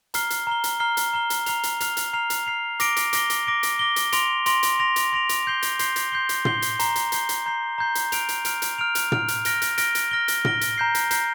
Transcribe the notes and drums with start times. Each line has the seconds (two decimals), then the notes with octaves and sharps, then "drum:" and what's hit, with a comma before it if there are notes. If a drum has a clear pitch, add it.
0.14 A#5 F6 C7 G7, drum: hi-hat
0.30 drum: hi-hat
0.47 A#5 F6 C7 G7
0.64 drum: hi-hat
0.80 A#5 F6 C7 G7
0.97 drum: hi-hat
1.13 A#5 F6 C7 G7
1.30 drum: hi-hat
1.46 A#5 F6 C7 F7, drum: hi-hat
1.63 drum: hi-hat
1.81 A#5 F6 C7 F7, drum: hi-hat
1.97 drum: hi-hat
2.13 A#5 F6 C7 F7
2.30 drum: hi-hat
2.47 A#5 F6 C7 F7
2.80 D6 A#6 D7 G7, drum: hi-hat
2.96 drum: hi-hat
3.13 D6 A#6 D7 G7, drum: hi-hat
3.30 drum: hi-hat
3.47 D6 A#6 D7 G7
3.63 drum: hi-hat
3.79 D6 A#6 D7 G7
3.96 drum: hi-hat
4.12 C6 A#6 D7 F7, drum: hi-hat
4.46 C6 A#6 D7 F7, drum: hi-hat
4.63 drum: hi-hat
4.79 C6 A#6 D7 F7
4.96 drum: hi-hat
5.12 C6 A#6 D7 F7
5.29 drum: hi-hat
5.46 C6 G6 C7 G7
5.63 drum: hi-hat
5.79 C6 G6 C7 G7, drum: hi-hat
5.96 drum: hi-hat
6.12 C6 G6 C7 G7
6.29 drum: hi-hat
6.45 C6 G6 C7 G7, drum: tom
6.62 drum: hi-hat
6.79 A#5 G6 C7 G7, drum: hi-hat
6.96 drum: hi-hat
7.12 A#5 G6 C7 G7, drum: hi-hat
7.29 drum: hi-hat
7.46 A#5 G6 C7 G7
7.78 A#5 G6 C7 G7
7.95 drum: hi-hat
8.12 F6 D7 F7, drum: hi-hat
8.29 drum: hi-hat
8.45 F6 D7 F7, drum: hi-hat
8.62 drum: hi-hat
8.78 F6 D7 F7
8.95 drum: hi-hat
9.12 F6 D7 F7, drum: tom
9.28 drum: hi-hat
9.45 F6 A#6 D7 G7, drum: hi-hat
9.62 drum: hi-hat
9.78 F6 A#6 D7 G7, drum: hi-hat
9.95 drum: hi-hat
10.11 F6 A#6 D7 G7
10.28 drum: hi-hat
10.45 F6 A#6 D7 G7, drum: tom
10.61 drum: hi-hat
10.78 A#5 G6 C7
10.95 drum: hi-hat
11.11 A#5 G6 C7, drum: hi-hat